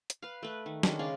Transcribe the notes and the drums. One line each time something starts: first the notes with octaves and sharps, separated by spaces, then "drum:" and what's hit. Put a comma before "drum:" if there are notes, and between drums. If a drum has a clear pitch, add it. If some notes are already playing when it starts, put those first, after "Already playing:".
drum: hi-hat
B4 F5
A3 B4
D#3
D#3 G#3 C#4 D4, drum: snare
C#3 D5 F5 G#5